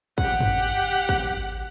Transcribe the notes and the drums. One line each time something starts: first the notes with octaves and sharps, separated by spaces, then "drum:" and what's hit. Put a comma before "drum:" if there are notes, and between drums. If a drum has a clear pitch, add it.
G4 F#5, drum: kick
drum: tom
drum: kick